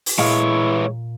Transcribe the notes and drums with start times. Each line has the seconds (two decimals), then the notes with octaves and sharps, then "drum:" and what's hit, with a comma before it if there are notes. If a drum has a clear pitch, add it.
0.06 drum: open hi-hat
0.19 A#2 E3 G#3 E4 C#5 F5